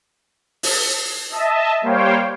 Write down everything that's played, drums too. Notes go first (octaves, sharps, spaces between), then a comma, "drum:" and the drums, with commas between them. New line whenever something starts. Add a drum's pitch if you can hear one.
drum: open hi-hat
D#5 E5 A5
G3 A#3 C5 C#5 F5 G5